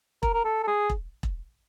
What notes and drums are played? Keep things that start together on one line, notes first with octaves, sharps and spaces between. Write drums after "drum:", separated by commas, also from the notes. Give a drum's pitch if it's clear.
A#4, drum: kick E1
A#4
A4
A4
G#4
drum: kick E1
drum: kick E1